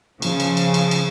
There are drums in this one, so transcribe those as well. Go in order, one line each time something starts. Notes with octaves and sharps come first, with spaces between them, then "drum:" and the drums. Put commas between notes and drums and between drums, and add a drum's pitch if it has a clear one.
C#3 F3, drum: cymbal
drum: cymbal
drum: cymbal
drum: cymbal
drum: cymbal